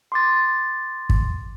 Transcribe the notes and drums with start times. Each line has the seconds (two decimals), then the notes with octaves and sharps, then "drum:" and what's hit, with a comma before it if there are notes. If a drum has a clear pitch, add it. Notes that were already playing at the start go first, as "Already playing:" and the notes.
0.12 C6 D6 A6
1.10 drum: kick